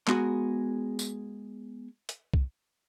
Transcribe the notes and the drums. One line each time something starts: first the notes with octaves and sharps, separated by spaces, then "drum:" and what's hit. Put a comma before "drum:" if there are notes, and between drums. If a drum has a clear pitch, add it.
G#3 B3 F#4 G#4 A#4, drum: clap
drum: tambourine
drum: hi-hat
drum: kick B1